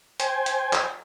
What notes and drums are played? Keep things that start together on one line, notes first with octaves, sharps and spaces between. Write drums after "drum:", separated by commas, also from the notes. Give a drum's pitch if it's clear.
C5 G5 G#5, drum: hi-hat
drum: hi-hat
drum: clap